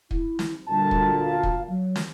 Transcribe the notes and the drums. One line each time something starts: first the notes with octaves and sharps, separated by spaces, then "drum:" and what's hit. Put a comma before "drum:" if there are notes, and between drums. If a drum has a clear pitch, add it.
E4, drum: kick
drum: snare
D2 A#2 G3 A5
drum: kick
F5
drum: kick
F#3
drum: snare